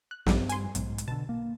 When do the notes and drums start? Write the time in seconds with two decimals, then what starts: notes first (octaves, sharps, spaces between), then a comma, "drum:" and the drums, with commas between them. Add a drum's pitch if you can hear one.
0.11 F#6
0.26 A#1 G2 G3, drum: snare
0.49 G#5 C6, drum: hi-hat
0.75 B1 G#2, drum: hi-hat
0.98 drum: hi-hat
1.08 B2 D3 A5
1.29 A#3